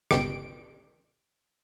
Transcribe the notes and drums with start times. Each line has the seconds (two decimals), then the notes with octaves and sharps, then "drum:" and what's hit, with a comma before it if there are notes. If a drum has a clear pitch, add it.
0.11 G1 C#2 B2 G4 D7, drum: rim click